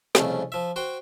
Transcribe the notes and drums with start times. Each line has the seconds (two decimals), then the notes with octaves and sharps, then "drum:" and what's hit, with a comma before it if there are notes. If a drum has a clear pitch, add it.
0.15 C2 F2 C#3 A3, drum: snare
0.52 F3 E5
0.76 F#4 C5 G5